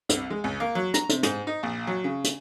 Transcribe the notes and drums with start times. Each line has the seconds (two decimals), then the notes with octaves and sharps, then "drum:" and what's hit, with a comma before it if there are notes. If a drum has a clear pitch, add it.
0.09 C2, drum: hi-hat
0.30 G#3
0.44 C#2
0.60 A#3
0.75 F#3
0.94 A#5, drum: hi-hat
1.09 C3, drum: hi-hat
1.23 G#2, drum: hi-hat
1.47 D#4
1.63 A#1
1.87 F#3
2.04 C#3
2.24 drum: hi-hat